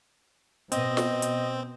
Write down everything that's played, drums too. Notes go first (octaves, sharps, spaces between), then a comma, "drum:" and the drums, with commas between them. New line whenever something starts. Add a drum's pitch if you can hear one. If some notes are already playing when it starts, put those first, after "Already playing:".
B2 C4 D#5, drum: hi-hat
drum: snare
drum: hi-hat